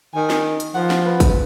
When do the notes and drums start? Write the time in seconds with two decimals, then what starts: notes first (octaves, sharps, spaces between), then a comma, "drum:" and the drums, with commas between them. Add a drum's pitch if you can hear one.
0.14 D#3 G#5
0.30 drum: snare
0.60 drum: hi-hat
0.74 F3 F#5
0.90 drum: snare
1.05 B4
1.20 drum: kick, hi-hat